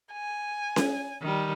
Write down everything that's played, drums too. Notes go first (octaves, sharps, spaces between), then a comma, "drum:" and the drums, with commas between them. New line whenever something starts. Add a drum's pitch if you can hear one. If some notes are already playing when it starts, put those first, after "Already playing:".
G#5
drum: snare C#4
D#3 G3